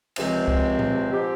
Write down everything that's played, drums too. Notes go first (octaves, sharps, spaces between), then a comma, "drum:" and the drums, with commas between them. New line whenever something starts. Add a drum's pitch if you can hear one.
C#2 C3 F3 G#3 C4, drum: cymbal
drum: kick C2
drum: tom A#2
G#2 F3 C4 G4